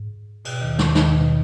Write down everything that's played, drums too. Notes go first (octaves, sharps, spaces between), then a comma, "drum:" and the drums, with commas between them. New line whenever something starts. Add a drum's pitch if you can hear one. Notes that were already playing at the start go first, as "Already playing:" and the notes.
Already playing: G#2
B2, drum: cymbal
D#2 D#3
D#2 D#3, drum: snare
D#2 D#3, drum: snare
B2